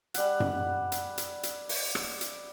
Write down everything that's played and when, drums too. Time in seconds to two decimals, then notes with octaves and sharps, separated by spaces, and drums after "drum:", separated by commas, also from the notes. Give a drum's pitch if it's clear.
0.14 G3 F#5, drum: hi-hat
0.40 drum: tom F#2
0.92 drum: hi-hat
1.18 drum: hi-hat
1.43 drum: hi-hat
1.69 drum: open hi-hat
1.95 drum: rim click
2.21 drum: hi-hat